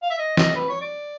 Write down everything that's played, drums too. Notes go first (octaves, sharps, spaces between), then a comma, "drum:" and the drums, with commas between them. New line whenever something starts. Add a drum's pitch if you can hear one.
F5
E5
D#5
D#5, drum: snare
B4
C#5
D5